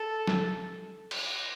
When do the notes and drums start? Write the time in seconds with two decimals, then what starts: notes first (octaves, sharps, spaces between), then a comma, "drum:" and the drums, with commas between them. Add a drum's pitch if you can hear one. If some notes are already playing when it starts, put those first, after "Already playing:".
Already playing: A4
0.28 drum: snare
1.11 drum: cymbal